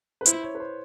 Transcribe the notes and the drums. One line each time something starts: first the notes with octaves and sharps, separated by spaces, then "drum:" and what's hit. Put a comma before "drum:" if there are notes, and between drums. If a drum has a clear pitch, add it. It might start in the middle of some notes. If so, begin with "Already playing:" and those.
B4
E4 C5, drum: hi-hat
C#5
B4
C5